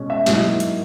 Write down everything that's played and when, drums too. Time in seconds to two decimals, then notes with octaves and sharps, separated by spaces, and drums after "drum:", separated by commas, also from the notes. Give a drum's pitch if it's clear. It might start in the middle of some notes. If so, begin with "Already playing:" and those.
Already playing: B2 G#3 C#4
0.10 E5
0.26 G#2 F#3 A#3 E4 E5, drum: snare
0.60 drum: hi-hat